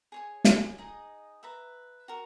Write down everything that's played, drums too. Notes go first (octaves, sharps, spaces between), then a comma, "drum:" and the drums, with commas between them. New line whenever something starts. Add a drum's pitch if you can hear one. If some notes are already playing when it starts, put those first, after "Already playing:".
G#4 C#5 G#5
drum: snare
D#4 G#4 D#5
B4 E5 A#5
F#4 A#4